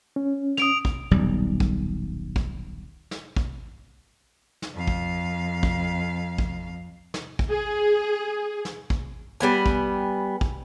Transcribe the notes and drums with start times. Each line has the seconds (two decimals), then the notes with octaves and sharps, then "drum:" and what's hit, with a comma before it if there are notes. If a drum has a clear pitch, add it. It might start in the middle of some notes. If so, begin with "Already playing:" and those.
0.16 C#4
0.57 D#6 D7 F7, drum: snare
0.85 drum: kick
1.11 D#1 B1 G3
1.60 drum: kick
2.36 drum: kick
3.11 drum: snare
3.36 drum: kick
4.62 drum: snare
4.74 F2 F5
4.87 drum: kick
5.63 drum: kick
6.38 drum: kick
7.14 drum: snare
7.39 drum: kick
7.50 G#4
8.65 drum: snare
8.90 drum: kick
9.41 G3 B3 G#5
9.66 drum: kick
10.41 drum: kick